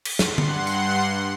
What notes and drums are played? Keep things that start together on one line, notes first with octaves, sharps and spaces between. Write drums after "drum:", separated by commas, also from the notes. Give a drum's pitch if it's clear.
drum: cymbal
G2 F#5 C6, drum: snare
drum: tom D3
drum: tambourine